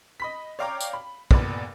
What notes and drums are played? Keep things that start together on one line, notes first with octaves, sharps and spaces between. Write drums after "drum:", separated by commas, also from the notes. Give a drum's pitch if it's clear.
D#5 B5 B6
C#5 D5 F5 G5 A#5 D6
drum: tambourine
B5
F1 E2 A#2 B3 D5 B5, drum: kick